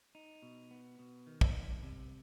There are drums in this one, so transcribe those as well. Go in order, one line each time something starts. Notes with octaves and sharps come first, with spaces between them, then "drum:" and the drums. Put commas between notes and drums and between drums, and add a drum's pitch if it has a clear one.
D#4
B2
B3
B2
D#3
drum: kick
C2
C3